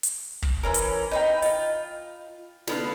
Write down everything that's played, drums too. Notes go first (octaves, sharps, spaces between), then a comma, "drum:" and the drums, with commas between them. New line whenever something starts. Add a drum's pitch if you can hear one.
drum: hi-hat
drum: kick
E3 C#4 A#4
drum: hi-hat
D#4 B4 G5
F4, drum: open hi-hat
D3 B3 F5, drum: snare